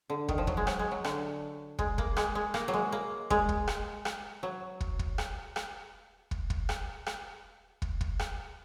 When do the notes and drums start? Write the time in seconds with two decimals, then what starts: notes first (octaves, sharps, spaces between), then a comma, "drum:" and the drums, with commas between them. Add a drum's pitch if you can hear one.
0.10 D3
0.28 D#3, drum: kick
0.38 F3
0.47 F#3, drum: kick
0.57 G#3
0.67 F#3, drum: rim click
0.79 G#3
0.91 F#3
1.04 D3, drum: rim click
1.79 G#3, drum: kick
1.98 A#3, drum: kick
2.17 G#3, drum: rim click
2.35 G#3
2.54 A#3, drum: rim click
2.68 F#3
2.74 G#3
2.92 A#3
3.30 G#3, drum: kick
3.49 drum: kick
3.67 drum: rim click
4.05 drum: rim click
4.43 F#3
4.80 drum: kick
4.99 drum: kick
5.18 drum: rim click
5.56 drum: rim click
6.31 drum: kick
6.50 drum: kick
6.69 drum: rim click
7.06 drum: rim click
7.82 drum: kick
8.01 drum: kick
8.19 drum: rim click